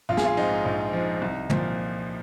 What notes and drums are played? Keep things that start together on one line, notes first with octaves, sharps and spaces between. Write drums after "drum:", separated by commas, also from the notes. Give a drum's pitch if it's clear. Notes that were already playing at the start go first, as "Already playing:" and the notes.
A#1 F4
G#4, drum: snare
F4
G#2 F3 D#4
A#1
G#2 F3
C2
A#2 F3, drum: tom